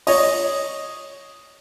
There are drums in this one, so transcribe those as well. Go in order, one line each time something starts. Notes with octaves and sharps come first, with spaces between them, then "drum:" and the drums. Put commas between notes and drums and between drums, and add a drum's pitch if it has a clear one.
C#5 D#5, drum: open hi-hat